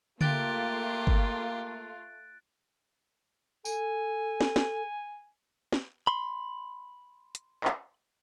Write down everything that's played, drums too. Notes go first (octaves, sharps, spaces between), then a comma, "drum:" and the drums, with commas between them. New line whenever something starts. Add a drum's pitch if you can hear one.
A3 A#3 F4 G4 F#6 A6 D7, drum: tom C#3
drum: kick G1
A4 G#5, drum: tambourine
drum: snare
drum: snare
drum: snare
B5 C6
drum: hi-hat
drum: clap